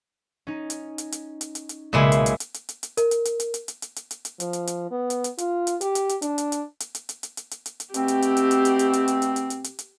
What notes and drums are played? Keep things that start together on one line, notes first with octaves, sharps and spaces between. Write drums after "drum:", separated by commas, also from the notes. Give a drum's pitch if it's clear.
C#4 D#4
drum: hi-hat
drum: hi-hat
drum: hi-hat
drum: hi-hat
drum: hi-hat
drum: hi-hat
B1 A#2 C#3 G#3 E4 C7
drum: hi-hat
drum: hi-hat
drum: hi-hat
drum: hi-hat
drum: hi-hat
drum: hi-hat
A#4, drum: hi-hat
drum: hi-hat
drum: hi-hat
drum: hi-hat
drum: hi-hat
drum: hi-hat
drum: hi-hat
drum: hi-hat
drum: hi-hat
drum: hi-hat
F3, drum: hi-hat
drum: hi-hat
drum: hi-hat
B3
drum: hi-hat
drum: hi-hat
F4, drum: hi-hat
drum: hi-hat
G4, drum: hi-hat
drum: hi-hat
drum: hi-hat
D4, drum: hi-hat
drum: hi-hat
drum: hi-hat
drum: hi-hat
drum: hi-hat
drum: hi-hat
drum: hi-hat
drum: hi-hat
drum: hi-hat
drum: hi-hat
drum: hi-hat
B2 A3 C4 G4, drum: hi-hat
drum: hi-hat
drum: hi-hat
drum: hi-hat
drum: hi-hat
drum: hi-hat
drum: hi-hat
drum: hi-hat
drum: hi-hat
drum: hi-hat
drum: hi-hat
drum: hi-hat
drum: hi-hat
drum: hi-hat